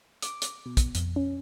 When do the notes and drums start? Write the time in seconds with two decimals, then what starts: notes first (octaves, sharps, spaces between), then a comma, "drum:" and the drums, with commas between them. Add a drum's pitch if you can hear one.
0.22 D6, drum: hi-hat
0.42 drum: hi-hat
0.66 B2
0.77 drum: kick, hi-hat
0.95 F2, drum: hi-hat
1.16 C#4